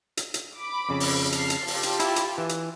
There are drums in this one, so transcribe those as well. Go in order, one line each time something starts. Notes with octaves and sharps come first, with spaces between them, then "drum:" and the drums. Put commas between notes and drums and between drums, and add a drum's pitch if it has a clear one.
drum: hi-hat
drum: hi-hat
B5 D6
F2 C#3
drum: open hi-hat
A5 F6 C7, drum: hi-hat
drum: hi-hat
F4 G4 A5, drum: open hi-hat
drum: hi-hat
E4, drum: hi-hat
drum: hi-hat
E3
drum: hi-hat